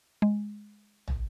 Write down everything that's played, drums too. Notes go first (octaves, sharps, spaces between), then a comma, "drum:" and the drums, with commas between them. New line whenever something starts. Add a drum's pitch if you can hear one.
G#3
drum: tom